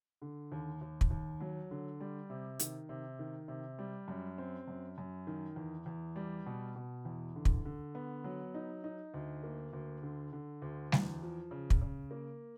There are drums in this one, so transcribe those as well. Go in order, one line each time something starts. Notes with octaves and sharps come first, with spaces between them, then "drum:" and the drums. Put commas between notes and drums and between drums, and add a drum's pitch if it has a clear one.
D3
D#2
D#2
drum: kick
D#2
F#3
D3
G3
C3
D#3, drum: hi-hat
C3
D#3
C3
G3
F#2
C4
F#2
F#2
D#3
E2
E2
G3
B2
B2
E2
D3
drum: kick
D3
B3
F#3
D#4
D#4
D2
A#3
D2
D3
D3
D2
E2, drum: snare G3
F3
C#3
drum: kick
C#3
A#3